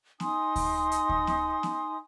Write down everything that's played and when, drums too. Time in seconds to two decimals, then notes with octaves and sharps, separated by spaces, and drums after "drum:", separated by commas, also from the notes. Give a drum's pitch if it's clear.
0.20 D#4 G#5 C6 D#6, drum: snare B3
0.56 drum: kick D2, open hi-hat
0.91 drum: hi-hat
1.09 drum: kick D2
1.27 drum: snare B3
1.63 drum: snare B3